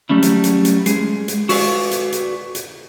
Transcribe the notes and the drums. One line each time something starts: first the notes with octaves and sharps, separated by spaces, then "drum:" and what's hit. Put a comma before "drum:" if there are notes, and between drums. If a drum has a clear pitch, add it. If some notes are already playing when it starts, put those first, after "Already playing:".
F#3 G3 A3 C#4 E4
drum: hi-hat
drum: hi-hat
drum: hi-hat
G#3 G#4, drum: hi-hat
drum: hi-hat
F#4 A4 B4 D5 F5 G#5, drum: open hi-hat
drum: hi-hat
drum: hi-hat
drum: hi-hat